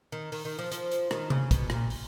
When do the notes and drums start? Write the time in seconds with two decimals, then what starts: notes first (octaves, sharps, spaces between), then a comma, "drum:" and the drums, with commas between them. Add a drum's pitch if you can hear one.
0.12 D#3
0.32 D#3, drum: open hi-hat
0.45 D#3
0.59 F3
0.72 F3, drum: hi-hat
0.91 drum: hi-hat
1.11 D#3, drum: rim click
1.30 C#3, drum: tom C3
1.51 B2, drum: kick, hi-hat
1.70 A#2, drum: rim click
1.90 drum: open hi-hat